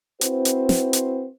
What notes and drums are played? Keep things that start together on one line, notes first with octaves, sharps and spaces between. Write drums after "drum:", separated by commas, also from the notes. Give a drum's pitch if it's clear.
C4 E4 F#4 B4 C5, drum: hi-hat
drum: hi-hat
drum: snare
drum: hi-hat